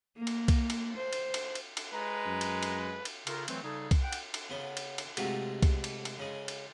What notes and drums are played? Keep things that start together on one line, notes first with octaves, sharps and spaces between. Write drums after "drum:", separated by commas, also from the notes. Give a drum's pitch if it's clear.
A#3
drum: cymbal
drum: kick C2, cymbal
drum: cymbal
C5
drum: cymbal
drum: cymbal
drum: cymbal
drum: cymbal
G#3 B4 A#5
F#2
drum: cymbal
drum: cymbal
drum: cymbal
C#3 F4 A4 A#4, drum: cymbal
E3 F#3 A3 C4, drum: cymbal
C#3 G3 D#4 G#4 A4
drum: kick C2, cymbal
F#5 G5
drum: cymbal
drum: cymbal
C#3 B3
drum: cymbal
drum: cymbal
G#2 C3 G#3 A3 F4 F#4, drum: cymbal
drum: kick C2, cymbal
drum: cymbal
drum: cymbal
C#3 G#3
drum: cymbal